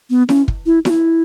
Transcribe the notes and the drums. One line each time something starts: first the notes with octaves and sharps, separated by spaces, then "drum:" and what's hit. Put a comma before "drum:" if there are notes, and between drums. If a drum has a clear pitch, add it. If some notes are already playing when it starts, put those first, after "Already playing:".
B3
C#4, drum: snare E4
drum: kick
E4
F#4, drum: snare E4
E4